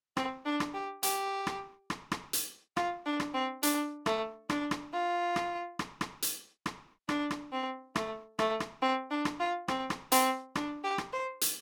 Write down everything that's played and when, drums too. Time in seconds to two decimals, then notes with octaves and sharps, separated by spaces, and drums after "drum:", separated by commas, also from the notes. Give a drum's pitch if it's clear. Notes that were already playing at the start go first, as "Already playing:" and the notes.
0.17 C4, drum: rim click
0.46 D4
0.60 drum: rim click
0.74 G4
1.03 G4, drum: hi-hat
1.47 drum: rim click
1.90 drum: rim click
2.12 drum: rim click
2.33 drum: hi-hat
2.77 F4, drum: rim click
3.06 D4
3.20 drum: rim click
3.34 C4
3.63 D4, drum: hi-hat
4.06 A3, drum: rim click
4.50 D4, drum: rim click
4.71 drum: rim click
4.93 F4
5.36 drum: rim click
5.79 drum: rim click
6.01 drum: rim click
6.22 drum: hi-hat
6.66 drum: rim click
7.09 D4, drum: rim click
7.31 drum: rim click
7.52 C4
7.96 A3, drum: rim click
8.39 A3, drum: rim click
8.60 drum: rim click
8.82 C4
9.11 D4
9.25 drum: rim click
9.40 F4
9.68 C4, drum: rim click
9.90 drum: rim click
10.12 C4, drum: hi-hat
10.55 D4, drum: rim click
10.84 G4
10.98 drum: rim click
11.13 C5
11.41 drum: hi-hat